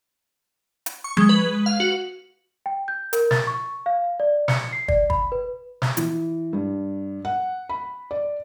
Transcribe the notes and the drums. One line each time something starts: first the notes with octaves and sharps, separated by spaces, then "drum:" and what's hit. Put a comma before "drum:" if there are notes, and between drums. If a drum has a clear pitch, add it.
drum: hi-hat
C#6
G#3, drum: tom F3
B4
F5
F#4
G5
G6
A#4, drum: hi-hat
A6, drum: snare
C#6
F5
D5
C#7, drum: snare
C7
D5, drum: kick
B5, drum: kick
B4
drum: snare
E3, drum: hi-hat
G2
F#5
B5
D5